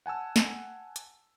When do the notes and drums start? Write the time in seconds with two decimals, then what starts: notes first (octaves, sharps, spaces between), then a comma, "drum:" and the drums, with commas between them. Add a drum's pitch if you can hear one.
0.06 F#5 G#5 A5 E6
0.36 drum: snare
0.96 drum: hi-hat